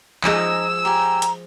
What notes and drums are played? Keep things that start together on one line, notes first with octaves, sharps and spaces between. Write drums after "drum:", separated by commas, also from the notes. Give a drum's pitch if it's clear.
F3 D#4 G#4 A#5 E6, drum: clap
G4 G#5 A#5
drum: hi-hat